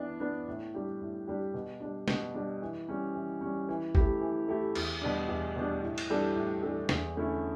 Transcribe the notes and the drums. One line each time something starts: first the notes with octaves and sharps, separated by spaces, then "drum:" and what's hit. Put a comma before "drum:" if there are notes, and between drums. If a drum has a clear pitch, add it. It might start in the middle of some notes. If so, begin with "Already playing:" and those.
Already playing: E3 B3 D4
B3 D4
A2
G3 D4 G4
A2
G3 D4 G4
B2
G3 D4
B2, drum: snare
G3 D4
E3
G3 C#4
E3
G3 C#4
E3
A3 E4 G4, drum: kick G1
E3
A3 E4 G4
E2, drum: cymbal
B2 G3 D4
E2
B2 G3 D4
A2
drum: cymbal
E3 G3 D4 A4
A2
E3 G3 D4 A4
E2, drum: snare
D3 A3 C#4 E4